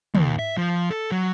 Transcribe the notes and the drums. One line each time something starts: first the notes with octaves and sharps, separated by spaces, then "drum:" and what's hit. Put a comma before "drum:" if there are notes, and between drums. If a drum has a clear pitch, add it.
D#2, drum: tom
E5
F3
A4
F#3